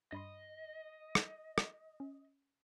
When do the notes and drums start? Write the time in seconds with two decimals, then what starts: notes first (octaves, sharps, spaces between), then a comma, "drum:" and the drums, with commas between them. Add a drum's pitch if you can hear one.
0.12 G2 D#5 B5 C6
1.15 drum: rim click
1.58 drum: rim click
2.00 C#4